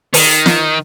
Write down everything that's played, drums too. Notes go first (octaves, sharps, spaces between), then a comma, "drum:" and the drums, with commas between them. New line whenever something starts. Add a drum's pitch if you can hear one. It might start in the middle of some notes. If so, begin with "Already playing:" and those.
D#3, drum: open hi-hat
drum: snare